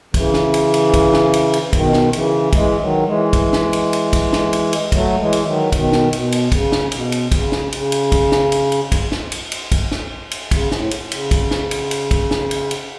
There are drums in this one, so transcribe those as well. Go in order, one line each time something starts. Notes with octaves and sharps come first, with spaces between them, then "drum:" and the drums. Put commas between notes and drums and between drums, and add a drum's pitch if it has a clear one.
C#3 E3, drum: kick, cymbal
drum: snare
drum: cymbal
drum: cymbal
drum: kick, cymbal
drum: snare
drum: cymbal
drum: cymbal
B2 D#3, drum: kick, cymbal
drum: snare
C#3 E3, drum: cymbal
E3 G#3, drum: kick, cymbal
D#3 F#3
E3 G#3
drum: kick, cymbal
drum: snare
drum: cymbal
drum: cymbal
drum: kick, cymbal
drum: snare
drum: cymbal
drum: cymbal
F#3 A3, drum: kick, cymbal
E3 G#3
drum: cymbal
D#3 F#3
B2 D#3, drum: kick, cymbal
drum: snare
B2, drum: cymbal
drum: cymbal
C#3, drum: kick, cymbal
drum: snare
B2, drum: cymbal
drum: cymbal
C#3, drum: kick, cymbal
drum: snare
C#3, drum: cymbal
drum: cymbal
drum: kick, cymbal
drum: snare
drum: cymbal
drum: cymbal
drum: kick, cymbal
drum: snare
drum: cymbal
drum: cymbal
drum: kick, cymbal
drum: snare
drum: cymbal
C#3, drum: kick, cymbal
A2, drum: snare
drum: cymbal
C#3, drum: cymbal
drum: kick, cymbal
drum: snare
drum: cymbal
drum: cymbal
drum: kick, cymbal
drum: snare
drum: cymbal
drum: cymbal